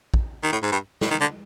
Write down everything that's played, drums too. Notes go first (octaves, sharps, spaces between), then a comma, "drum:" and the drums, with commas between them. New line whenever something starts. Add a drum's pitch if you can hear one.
drum: kick
D#3
A2
G#2
G2
A2, drum: snare
D#3
D3